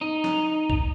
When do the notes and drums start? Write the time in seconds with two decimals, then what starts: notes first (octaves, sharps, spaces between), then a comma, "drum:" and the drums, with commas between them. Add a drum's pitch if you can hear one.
0.01 D#4
0.24 drum: snare
0.70 drum: kick B1